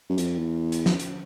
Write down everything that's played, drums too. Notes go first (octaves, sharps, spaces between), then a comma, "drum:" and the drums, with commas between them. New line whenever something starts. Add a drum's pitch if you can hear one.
F#2
F2, drum: hi-hat
E2
drum: hi-hat
drum: snare
drum: hi-hat